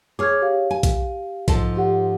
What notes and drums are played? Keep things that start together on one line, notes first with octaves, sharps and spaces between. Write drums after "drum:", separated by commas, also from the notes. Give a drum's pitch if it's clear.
G#4 C#5 D6 F6 G#6
G4 F5
G#5
drum: kick B1, hi-hat
G#2 F3 A4, drum: kick B1, hi-hat
G4 F#5